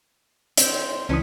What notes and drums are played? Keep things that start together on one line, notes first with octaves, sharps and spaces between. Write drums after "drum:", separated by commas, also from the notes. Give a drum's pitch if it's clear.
C4 C5, drum: hi-hat
C#2 E3 C#4 D4 B4 D#6